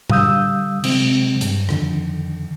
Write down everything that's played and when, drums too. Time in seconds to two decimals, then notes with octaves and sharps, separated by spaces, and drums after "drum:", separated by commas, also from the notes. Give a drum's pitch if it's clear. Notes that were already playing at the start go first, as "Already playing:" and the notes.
0.10 D3 G3 F5 D#6 E6 G6, drum: tom A2
0.84 C3 F#3 G#3 C4, drum: cymbal
1.41 G2, drum: hi-hat
1.69 F2 D3 D#3, drum: rim click